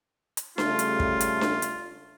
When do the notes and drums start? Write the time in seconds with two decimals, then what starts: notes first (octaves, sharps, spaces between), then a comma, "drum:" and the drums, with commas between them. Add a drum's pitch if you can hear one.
0.37 drum: hi-hat
0.58 C#3 G3 A3 F4, drum: snare D4
0.79 drum: hi-hat
1.00 drum: kick
1.21 drum: hi-hat
1.41 drum: snare D4
1.62 drum: hi-hat